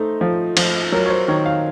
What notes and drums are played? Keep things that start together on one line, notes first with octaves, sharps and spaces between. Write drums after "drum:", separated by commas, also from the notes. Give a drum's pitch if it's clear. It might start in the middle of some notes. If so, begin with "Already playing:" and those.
Already playing: A3 D#4 C5
F3
F3, drum: cymbal
F#3 A#4
C#5
C5
D#3 C#5
F5